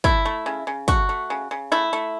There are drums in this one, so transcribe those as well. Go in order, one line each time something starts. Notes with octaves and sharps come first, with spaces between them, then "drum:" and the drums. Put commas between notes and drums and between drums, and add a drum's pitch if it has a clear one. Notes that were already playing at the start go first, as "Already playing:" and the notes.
A3 E4, drum: kick
A3
C#3
C#3
A3 F#4, drum: kick, hi-hat
A3
C#3
C#3
A3 E4
A3